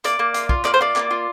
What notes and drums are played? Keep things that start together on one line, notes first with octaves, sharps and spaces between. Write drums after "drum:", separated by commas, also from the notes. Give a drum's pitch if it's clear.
A#3 D5, drum: hi-hat
A#3
F4, drum: hi-hat
F4, drum: kick
A#3 D5, drum: clap
C5
F4 D5
A#3, drum: clap
F4